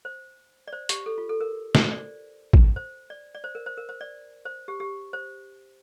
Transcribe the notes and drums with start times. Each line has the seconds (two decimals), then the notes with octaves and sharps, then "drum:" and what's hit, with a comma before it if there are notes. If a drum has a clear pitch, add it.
0.05 C5
0.68 D5
0.72 C5
0.89 G4, drum: hi-hat
1.06 A4
1.18 F4
1.29 A4
1.40 A#4
1.75 C5, drum: snare
1.92 D5
2.53 drum: kick A1
2.76 C5
3.10 D5
3.35 D5
3.44 C5
3.55 A#4
3.66 C5
3.78 A#4
3.89 C5
4.01 D5
4.45 C5
4.68 G4
4.80 G4
5.13 C5